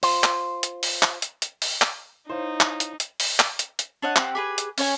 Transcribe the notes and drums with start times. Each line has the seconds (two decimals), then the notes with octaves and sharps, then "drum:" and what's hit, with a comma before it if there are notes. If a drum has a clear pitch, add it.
0.03 F4 C5, drum: open hi-hat
0.24 drum: clap
0.63 drum: hi-hat
0.83 drum: open hi-hat
1.03 drum: clap
1.22 drum: hi-hat
1.42 drum: hi-hat
1.62 drum: open hi-hat
1.82 drum: clap
2.29 D#4 E4 C5 C#5 F5
2.60 drum: clap
2.80 drum: hi-hat
3.00 drum: hi-hat
3.20 drum: open hi-hat
3.39 drum: clap
3.59 drum: hi-hat
3.79 drum: hi-hat
4.02 D4 C#5 D#5 F#5
4.16 C4 G4 F#5, drum: clap
4.35 G4 G#4 B4
4.58 drum: hi-hat
4.78 C#4 C#5 G#5, drum: open hi-hat